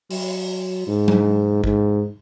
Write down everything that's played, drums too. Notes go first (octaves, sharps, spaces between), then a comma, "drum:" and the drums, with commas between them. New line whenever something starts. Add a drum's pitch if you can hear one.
F#3, drum: open hi-hat
G#2
drum: tom F#3
G#2, drum: kick A1